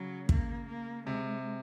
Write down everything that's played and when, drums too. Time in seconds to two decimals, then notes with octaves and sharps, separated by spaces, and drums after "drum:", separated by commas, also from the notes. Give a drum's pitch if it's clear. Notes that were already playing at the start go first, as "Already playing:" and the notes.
Already playing: C#3 F#3
0.29 A#3, drum: kick
0.68 A#3
1.07 C3 G#3